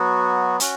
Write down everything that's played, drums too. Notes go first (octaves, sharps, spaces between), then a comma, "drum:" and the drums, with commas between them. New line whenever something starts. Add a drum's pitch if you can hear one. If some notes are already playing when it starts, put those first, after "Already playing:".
Already playing: F#3 B3 F#4
C#4 F#4, drum: hi-hat